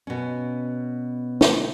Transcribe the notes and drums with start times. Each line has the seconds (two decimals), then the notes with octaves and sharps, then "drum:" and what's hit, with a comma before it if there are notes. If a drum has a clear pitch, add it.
0.07 B2 C#4
1.41 drum: snare